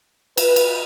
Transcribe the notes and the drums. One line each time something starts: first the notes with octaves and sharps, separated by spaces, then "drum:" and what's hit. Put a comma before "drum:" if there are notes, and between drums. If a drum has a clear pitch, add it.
B4, drum: cymbal
drum: cymbal